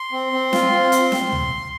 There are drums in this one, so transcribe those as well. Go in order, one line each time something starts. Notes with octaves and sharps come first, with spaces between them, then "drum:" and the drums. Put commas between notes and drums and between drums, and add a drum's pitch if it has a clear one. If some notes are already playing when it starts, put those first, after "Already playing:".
Already playing: C6
C4
C4
F4, drum: snare
C4
drum: hi-hat
drum: snare
drum: tom D2